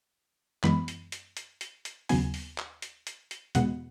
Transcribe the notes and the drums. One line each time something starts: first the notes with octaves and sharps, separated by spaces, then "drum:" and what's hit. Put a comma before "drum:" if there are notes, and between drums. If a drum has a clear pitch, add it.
F#2 E3 G#3 B3 B5, drum: clap
drum: hi-hat
drum: hi-hat
drum: hi-hat
drum: hi-hat
drum: hi-hat
D#2 C#3 F#3 B3 G#5, drum: open hi-hat
drum: open hi-hat
drum: clap
drum: hi-hat
drum: hi-hat
drum: hi-hat
E2 B2 G#3 B3 F#5, drum: hi-hat